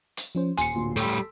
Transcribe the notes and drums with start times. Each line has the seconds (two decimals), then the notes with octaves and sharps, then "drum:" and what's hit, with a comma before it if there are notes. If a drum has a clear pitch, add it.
0.17 drum: hi-hat
0.35 F3 C#4 C5
0.58 D#1 G#5 C6 C#7, drum: hi-hat
0.74 D1 A#2 D3
0.96 A2 G3 A4 E6 D7, drum: hi-hat